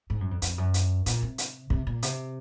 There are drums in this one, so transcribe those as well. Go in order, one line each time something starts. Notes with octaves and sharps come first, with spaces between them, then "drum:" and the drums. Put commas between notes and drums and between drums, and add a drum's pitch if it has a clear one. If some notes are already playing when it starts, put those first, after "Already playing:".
G#2
F#2
F2
F2, drum: hi-hat
F#2
drum: hi-hat
A#2, drum: hi-hat
C3
drum: hi-hat
C3, drum: kick
A#2
C3, drum: hi-hat